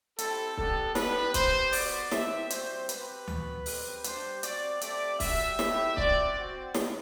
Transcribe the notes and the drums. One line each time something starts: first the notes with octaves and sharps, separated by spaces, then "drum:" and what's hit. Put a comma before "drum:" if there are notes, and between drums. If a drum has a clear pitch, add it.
C4 E4 G4 A4, drum: hi-hat
B3 D4 G4 A4, drum: kick
B3 D4 G4 B4, drum: snare
C4 G4 C5, drum: kick, hi-hat
B3 F#4 D5, drum: open hi-hat
C4 G4 E5, drum: snare
G3 C4 F#4 C5, drum: hi-hat
C4 G4 B4, drum: hi-hat
B3 F#4, drum: tom D2
C4 G4, drum: open hi-hat
G3 D4 G4 C5, drum: hi-hat
C4 F#4 D5, drum: hi-hat
A3 C4 G4 D5, drum: hi-hat
G3 D4 F#4 E5, drum: kick, open hi-hat
A3 E4 G4, drum: snare
C4 F#4 D5, drum: kick
C4 F#4
drum: snare